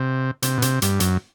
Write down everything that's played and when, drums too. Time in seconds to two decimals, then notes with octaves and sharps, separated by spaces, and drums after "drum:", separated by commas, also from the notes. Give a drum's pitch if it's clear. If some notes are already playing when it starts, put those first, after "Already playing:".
Already playing: C3
0.42 C3, drum: hi-hat
0.58 B2
0.62 C3, drum: hi-hat
0.82 G2, drum: hi-hat
1.00 F#2, drum: hi-hat